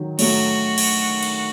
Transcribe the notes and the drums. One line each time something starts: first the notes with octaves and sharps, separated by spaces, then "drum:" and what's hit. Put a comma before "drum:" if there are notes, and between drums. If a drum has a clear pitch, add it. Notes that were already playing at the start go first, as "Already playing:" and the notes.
Already playing: D#3 F#3
F#3 A3 F#4, drum: cymbal
drum: cymbal
drum: cymbal